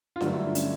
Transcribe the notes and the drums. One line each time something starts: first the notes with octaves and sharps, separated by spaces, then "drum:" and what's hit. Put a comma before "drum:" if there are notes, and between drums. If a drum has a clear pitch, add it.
F4
G2 D3 F#3 A3 F#4, drum: snare D4
E4
D4
C#4, drum: hi-hat